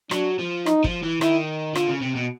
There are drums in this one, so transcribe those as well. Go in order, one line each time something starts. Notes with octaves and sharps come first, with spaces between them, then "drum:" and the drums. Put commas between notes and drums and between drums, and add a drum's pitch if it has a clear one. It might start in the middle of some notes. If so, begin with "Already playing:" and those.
F#3 D4, drum: rim click
F3
D#4, drum: rim click
F3, drum: kick
E3
D#3 E4, drum: rim click
D3 F4, drum: rim click
C#3
C3
B2